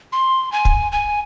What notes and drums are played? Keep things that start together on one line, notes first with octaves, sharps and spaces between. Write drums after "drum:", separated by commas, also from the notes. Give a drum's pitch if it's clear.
C6
G#5
drum: kick
G#5